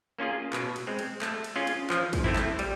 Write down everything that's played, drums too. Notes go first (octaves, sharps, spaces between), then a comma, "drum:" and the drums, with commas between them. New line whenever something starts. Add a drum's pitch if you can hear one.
A#3 C#4 F4 G#4
B2, drum: clap
drum: cymbal
G#3 C4
drum: cymbal
A3, drum: clap
drum: cymbal
C#4 F4 G#4
drum: cymbal
F3, drum: clap
drum: kick, cymbal
A3 C4 E4
drum: clap
G3, drum: cymbal